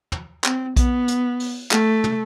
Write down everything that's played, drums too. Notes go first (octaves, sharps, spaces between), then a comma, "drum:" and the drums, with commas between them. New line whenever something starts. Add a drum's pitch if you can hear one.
drum: tom
C4, drum: clap
B3, drum: kick A#1, hi-hat
drum: hi-hat
drum: open hi-hat
A3, drum: clap
drum: tom